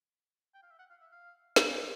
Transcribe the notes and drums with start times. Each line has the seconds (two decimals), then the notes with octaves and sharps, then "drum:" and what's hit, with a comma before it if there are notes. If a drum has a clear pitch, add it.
0.54 G5
0.63 F5
0.71 E5
0.79 F#5
0.90 F5
1.01 E5
1.12 F5
1.56 drum: snare
1.79 F#5